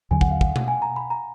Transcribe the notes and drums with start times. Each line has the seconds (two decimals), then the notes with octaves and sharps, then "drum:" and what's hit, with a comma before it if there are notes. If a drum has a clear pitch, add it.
0.11 D#2 D3 F#3 G#5
0.21 F#5, drum: kick
0.31 F5
0.41 F#5, drum: kick
0.56 drum: tom B2
0.68 G#5
0.82 A#5
0.96 B5
1.10 A#5